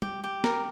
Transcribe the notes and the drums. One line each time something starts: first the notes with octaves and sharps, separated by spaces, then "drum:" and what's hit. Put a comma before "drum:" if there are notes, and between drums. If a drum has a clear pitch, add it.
G4, drum: tom
G4
A#4, drum: snare